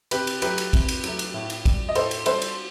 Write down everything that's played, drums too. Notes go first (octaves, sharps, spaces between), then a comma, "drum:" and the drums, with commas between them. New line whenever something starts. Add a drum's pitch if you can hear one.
C3 G4 B4, drum: cymbal
drum: cymbal
F#3 A3 G4 B4, drum: cymbal
drum: cymbal
C3, drum: kick, cymbal
drum: cymbal
F#3 A3, drum: cymbal
drum: cymbal
A2
drum: cymbal
G3, drum: kick, cymbal
D#5
A2 A4 C5, drum: cymbal
drum: cymbal
G3 A4 C5, drum: cymbal
drum: cymbal